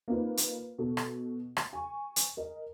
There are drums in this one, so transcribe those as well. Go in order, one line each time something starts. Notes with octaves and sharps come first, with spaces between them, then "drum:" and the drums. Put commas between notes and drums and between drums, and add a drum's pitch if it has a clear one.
A#3 C4 D#4 F4 B4
drum: hi-hat
B2 A4
drum: rim click
drum: rim click
G#5 C#6
drum: hi-hat
A#4 D#5